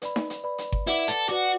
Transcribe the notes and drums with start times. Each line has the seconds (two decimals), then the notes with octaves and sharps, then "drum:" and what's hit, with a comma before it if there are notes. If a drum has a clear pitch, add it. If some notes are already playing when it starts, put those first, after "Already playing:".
0.02 B4 D5 B5, drum: hi-hat
0.16 drum: snare D#4
0.30 drum: hi-hat
0.44 B4 D5 B5
0.58 drum: hi-hat
0.72 drum: kick G1
0.87 E4 B4 D5 F#5 D6, drum: hi-hat
1.08 A4
1.29 F#4 B4 D5 F#5 D6